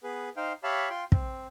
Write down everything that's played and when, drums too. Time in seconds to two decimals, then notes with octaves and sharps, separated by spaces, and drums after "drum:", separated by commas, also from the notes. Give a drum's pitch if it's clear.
0.03 B3 G#4 B4
0.37 D#4 C5 F5 G5
0.63 G4 C#5 E5 F5 A5 B5
0.90 F4 G5 C6
1.12 C4, drum: kick